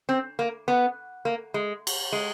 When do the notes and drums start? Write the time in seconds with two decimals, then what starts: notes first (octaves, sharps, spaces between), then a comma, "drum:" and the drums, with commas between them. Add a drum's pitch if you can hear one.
0.09 C4
0.39 A#3
0.68 B3
1.25 A#3
1.54 G#3
1.87 drum: cymbal
2.12 G#3